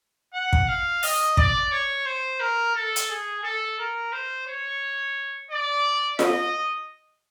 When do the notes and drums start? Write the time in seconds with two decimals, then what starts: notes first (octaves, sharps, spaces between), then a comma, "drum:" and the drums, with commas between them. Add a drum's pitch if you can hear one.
0.34 F#5
0.53 drum: kick
0.68 F5
1.03 D#5, drum: open hi-hat
1.37 D5, drum: kick
1.72 C#5
2.06 C5
2.40 A#4
2.75 A4
2.96 drum: hi-hat
3.09 G#4
3.43 A4
3.78 A#4
4.12 C5
4.47 C#5
5.51 D5
6.19 D#5, drum: snare F4